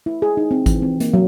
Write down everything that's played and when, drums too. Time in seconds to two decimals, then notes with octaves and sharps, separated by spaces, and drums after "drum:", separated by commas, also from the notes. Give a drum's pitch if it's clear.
0.06 E4
0.22 G#4
0.37 D#4
0.51 C4
0.66 E3, drum: kick G#1, hi-hat
0.82 C4
1.00 A#3, drum: hi-hat
1.14 F#3